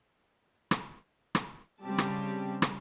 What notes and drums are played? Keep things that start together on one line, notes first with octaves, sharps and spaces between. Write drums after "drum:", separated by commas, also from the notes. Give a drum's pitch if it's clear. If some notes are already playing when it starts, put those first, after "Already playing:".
drum: rim click
drum: rim click
C#3 G3 C4 G4 A5
drum: rim click
drum: rim click